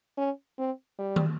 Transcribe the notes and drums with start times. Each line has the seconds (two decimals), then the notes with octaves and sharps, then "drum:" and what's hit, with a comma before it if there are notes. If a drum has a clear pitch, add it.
0.18 C#4
0.58 C4
0.99 G3
1.16 drum: tom D#3